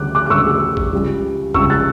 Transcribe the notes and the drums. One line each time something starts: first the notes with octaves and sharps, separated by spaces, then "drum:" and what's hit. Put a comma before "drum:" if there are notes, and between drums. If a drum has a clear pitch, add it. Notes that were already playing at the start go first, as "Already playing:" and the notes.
Already playing: D2 D3 G3 C#4 D6 F#6
D6 F#6
F#6
D2 D3 G3 C#4 C#6 E6
drum: kick G#1
C#2 C#3 G3
C#2 C#3 G3 C#6 E6, drum: kick G#1
F#6 A6